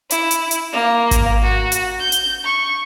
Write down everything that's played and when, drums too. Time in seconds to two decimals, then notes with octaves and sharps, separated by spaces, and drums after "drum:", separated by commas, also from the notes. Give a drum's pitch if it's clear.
0.11 E4, drum: hi-hat
0.31 drum: hi-hat
0.51 drum: hi-hat
0.73 A#3
1.11 drum: kick G#1, hi-hat
1.43 F#4
1.72 drum: hi-hat
2.00 G6
2.12 drum: hi-hat
2.45 C#6